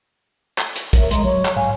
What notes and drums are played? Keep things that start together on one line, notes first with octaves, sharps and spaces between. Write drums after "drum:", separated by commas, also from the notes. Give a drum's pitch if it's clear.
drum: clap
drum: hi-hat
A#4 C#5 E5, drum: kick, hi-hat
G#3 D#5 A#5 C6, drum: hi-hat
D2 F#3 C#5
drum: clap
G#2 F5 G#5